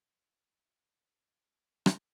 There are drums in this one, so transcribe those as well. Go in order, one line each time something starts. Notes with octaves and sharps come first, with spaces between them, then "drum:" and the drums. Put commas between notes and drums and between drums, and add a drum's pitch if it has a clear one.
A#4 E5 F#5
C4 C#4
A4 C#5 D#5
drum: rim click